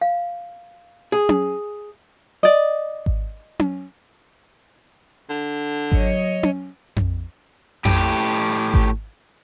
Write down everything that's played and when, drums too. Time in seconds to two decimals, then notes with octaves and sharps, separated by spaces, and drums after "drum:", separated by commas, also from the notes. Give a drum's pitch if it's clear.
0.01 F5
1.12 G#4
1.29 drum: tom C#4
2.43 D5 D#5
3.06 drum: kick G#1
3.59 drum: tom C#4
5.30 D3
5.92 F#3 C#5 D#5, drum: kick G#1
6.43 drum: tom C#4
6.96 drum: tom F2
7.85 A2 G4, drum: tom F2
8.74 drum: kick G#1